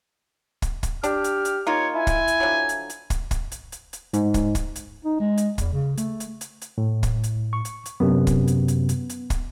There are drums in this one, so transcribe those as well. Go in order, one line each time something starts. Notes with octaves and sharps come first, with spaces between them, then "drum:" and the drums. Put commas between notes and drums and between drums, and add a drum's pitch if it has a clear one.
drum: kick, hi-hat
drum: kick, hi-hat
D4 G4 F6, drum: hi-hat
drum: hi-hat
drum: hi-hat
A#3 D#4 F4 C#5
E4 G#5
drum: kick, hi-hat
drum: hi-hat
D3 F3 F#3
drum: hi-hat
drum: hi-hat
drum: kick, hi-hat
drum: kick, hi-hat
drum: hi-hat
drum: hi-hat
drum: hi-hat
G#2, drum: hi-hat
drum: kick, hi-hat
drum: kick, hi-hat
drum: hi-hat
D#4
G#3
drum: hi-hat
E2, drum: kick, hi-hat
C#3
A3, drum: hi-hat
drum: hi-hat
drum: hi-hat
drum: hi-hat
A2
drum: kick, hi-hat
drum: hi-hat
C#6
drum: hi-hat
drum: hi-hat
F#2 C3 B3
drum: kick, hi-hat
drum: hi-hat
drum: hi-hat
drum: hi-hat
drum: hi-hat
drum: kick, hi-hat